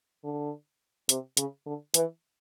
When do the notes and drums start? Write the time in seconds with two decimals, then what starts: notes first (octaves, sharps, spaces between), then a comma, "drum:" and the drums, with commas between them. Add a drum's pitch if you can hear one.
0.24 D3
1.09 C3, drum: hi-hat
1.37 C#3, drum: hi-hat
1.66 D3
1.94 E3, drum: hi-hat